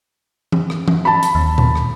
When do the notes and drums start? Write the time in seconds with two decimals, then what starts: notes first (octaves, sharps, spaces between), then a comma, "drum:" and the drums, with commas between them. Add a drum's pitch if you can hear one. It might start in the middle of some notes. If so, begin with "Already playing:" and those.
0.52 drum: tom E3
0.70 drum: rim click
0.88 drum: tom E3
1.05 A5 B5
1.23 drum: hi-hat
1.35 D#2
1.58 drum: tom A#2
1.75 drum: rim click